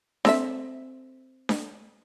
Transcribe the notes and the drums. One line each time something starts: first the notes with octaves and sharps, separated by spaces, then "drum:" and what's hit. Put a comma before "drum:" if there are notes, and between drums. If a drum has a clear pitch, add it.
C4 A4 E5, drum: snare D4
drum: snare D4